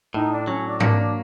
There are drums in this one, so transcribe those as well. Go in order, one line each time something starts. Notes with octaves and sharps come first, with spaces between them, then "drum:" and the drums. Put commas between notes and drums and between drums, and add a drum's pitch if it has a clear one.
A2 D#4
D4
F#3 C#4
D4
A#3 D4, drum: tom G#2